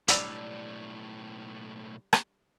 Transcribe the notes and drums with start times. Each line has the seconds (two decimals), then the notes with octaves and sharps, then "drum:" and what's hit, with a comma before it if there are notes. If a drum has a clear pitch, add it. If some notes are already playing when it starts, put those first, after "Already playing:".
0.08 B1 A2 G3 D4 B5 E6 F7, drum: hi-hat
2.13 drum: rim click